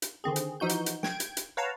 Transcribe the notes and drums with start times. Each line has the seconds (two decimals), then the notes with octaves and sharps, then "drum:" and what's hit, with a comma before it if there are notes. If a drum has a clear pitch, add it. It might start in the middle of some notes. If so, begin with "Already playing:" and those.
0.02 drum: hi-hat
0.24 D3 D#3 C4 G#4
0.36 drum: hi-hat
0.60 E3 F3 D#4 F#4 G6
0.69 drum: hi-hat
0.86 drum: hi-hat
1.03 G5 G#6 D7, drum: snare
1.20 drum: hi-hat
1.37 drum: hi-hat
1.57 B4 C#5 F5 F#5 A5 A#5